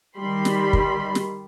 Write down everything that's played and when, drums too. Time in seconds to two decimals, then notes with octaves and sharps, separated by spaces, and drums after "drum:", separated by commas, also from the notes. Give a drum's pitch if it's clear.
0.17 D#3 G3 B5 C6
0.45 drum: snare
0.73 drum: kick
1.15 drum: snare